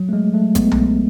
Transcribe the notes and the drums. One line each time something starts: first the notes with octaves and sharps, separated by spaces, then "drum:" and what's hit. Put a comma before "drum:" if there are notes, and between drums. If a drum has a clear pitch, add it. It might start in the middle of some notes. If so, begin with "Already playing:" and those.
Already playing: F#3
A3
G#3
F#3 A3
G#3 B3, drum: kick G#1, hi-hat
drum: tom B1